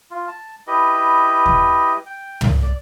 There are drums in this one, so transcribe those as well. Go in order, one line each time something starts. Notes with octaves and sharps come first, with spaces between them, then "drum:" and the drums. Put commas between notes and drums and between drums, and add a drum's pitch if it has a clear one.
F4
A5
E4 G4 B4 D#5
drum: kick D#2
G5
drum: tom
D5